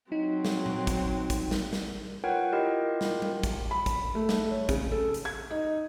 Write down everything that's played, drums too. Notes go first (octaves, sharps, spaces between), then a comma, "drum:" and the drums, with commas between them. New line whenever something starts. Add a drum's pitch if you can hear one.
F#3 C4 D#4
drum: snare
drum: tom A#2
drum: kick, hi-hat
drum: kick, hi-hat
drum: snare
drum: snare
F4 A#4 B4 C#5 F#5 G5
E4 F4 G4 A#4 D#5 G5
drum: snare
drum: tom F#3
drum: kick, hi-hat
B5
drum: kick, hi-hat
A3
drum: snare
C#5
C#3, drum: kick, hi-hat
A4
drum: hi-hat
G#6
D#4